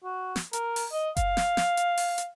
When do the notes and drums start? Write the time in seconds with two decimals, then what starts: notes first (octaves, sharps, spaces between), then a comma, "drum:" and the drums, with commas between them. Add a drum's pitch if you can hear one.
0.04 F#4
0.36 drum: snare
0.53 A#4, drum: hi-hat
0.76 drum: open hi-hat
0.92 D#5
1.17 F5, drum: kick F#1, hi-hat
1.37 drum: snare
1.57 drum: snare
1.77 drum: hi-hat
1.97 drum: open hi-hat
2.18 drum: hi-hat